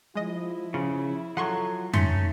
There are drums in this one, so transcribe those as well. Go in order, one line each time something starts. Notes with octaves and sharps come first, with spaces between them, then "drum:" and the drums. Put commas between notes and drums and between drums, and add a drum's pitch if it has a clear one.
F3 G#3 E4 D#5
C#3 F4
F3 F#3 A4 F#5 C6 C#6
A3 C#4 D#4 C6, drum: tom